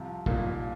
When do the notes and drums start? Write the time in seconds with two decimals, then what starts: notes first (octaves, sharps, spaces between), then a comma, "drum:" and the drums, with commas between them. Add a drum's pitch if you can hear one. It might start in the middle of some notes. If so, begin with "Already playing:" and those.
Already playing: C2 C3 F3
0.26 C2 A#2 F3 A#3 D#4, drum: kick